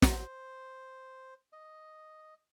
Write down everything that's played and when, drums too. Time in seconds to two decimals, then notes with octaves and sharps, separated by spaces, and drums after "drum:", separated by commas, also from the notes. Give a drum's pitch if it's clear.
0.02 C5, drum: snare
1.53 D#5